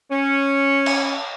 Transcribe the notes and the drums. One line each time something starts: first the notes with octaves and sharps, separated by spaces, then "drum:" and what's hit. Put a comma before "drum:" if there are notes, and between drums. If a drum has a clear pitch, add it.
C#4
drum: cymbal